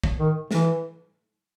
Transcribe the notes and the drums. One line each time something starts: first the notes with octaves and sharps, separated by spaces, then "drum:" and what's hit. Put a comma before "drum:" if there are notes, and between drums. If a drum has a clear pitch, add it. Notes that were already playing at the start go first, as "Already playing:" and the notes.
drum: kick
D#3
E3, drum: snare